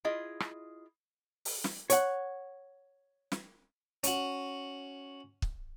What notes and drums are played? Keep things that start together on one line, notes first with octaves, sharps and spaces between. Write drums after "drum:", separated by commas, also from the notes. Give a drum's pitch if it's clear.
E4 F4 G#4 D#5
drum: rim click
drum: open hi-hat
drum: snare
C#5 F#5, drum: hi-hat
drum: snare
C#4 F#4, drum: hi-hat
drum: kick